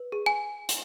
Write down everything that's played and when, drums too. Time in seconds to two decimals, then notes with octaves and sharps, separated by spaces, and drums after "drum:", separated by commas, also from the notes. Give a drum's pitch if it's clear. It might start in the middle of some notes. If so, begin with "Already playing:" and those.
Already playing: B4
0.12 G#4
0.26 G#5
0.69 drum: hi-hat